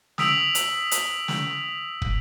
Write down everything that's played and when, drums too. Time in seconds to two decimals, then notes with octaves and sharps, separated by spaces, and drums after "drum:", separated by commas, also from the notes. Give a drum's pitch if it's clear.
0.18 D#6 E6 B6 D7 F7 F#7, drum: snare
0.55 drum: hi-hat
0.91 drum: hi-hat
1.28 drum: snare
2.02 drum: kick